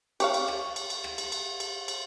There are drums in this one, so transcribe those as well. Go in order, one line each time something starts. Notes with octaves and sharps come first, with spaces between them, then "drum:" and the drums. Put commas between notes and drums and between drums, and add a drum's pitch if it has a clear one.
G4 C#5 F5, drum: cymbal
drum: cymbal
drum: rim click
drum: cymbal
drum: cymbal
drum: rim click
drum: cymbal
drum: cymbal
drum: cymbal
drum: cymbal